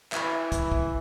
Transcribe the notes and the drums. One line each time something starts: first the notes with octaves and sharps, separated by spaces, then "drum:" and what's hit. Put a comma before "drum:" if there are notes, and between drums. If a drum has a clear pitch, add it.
E3 E5 B5, drum: clap
drum: kick, hi-hat
drum: kick